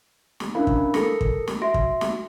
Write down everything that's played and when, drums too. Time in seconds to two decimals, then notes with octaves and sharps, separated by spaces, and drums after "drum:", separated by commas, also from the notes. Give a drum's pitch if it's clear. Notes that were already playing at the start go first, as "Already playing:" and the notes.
0.40 drum: snare
0.55 C#4 D4 E4 A#4 F5 B5
0.67 drum: kick
0.94 A4 A#4 A#6 C#7, drum: snare
1.21 drum: kick
1.47 drum: snare
1.62 F#4 E5 C6 A#6 D7
1.74 drum: kick
2.01 drum: snare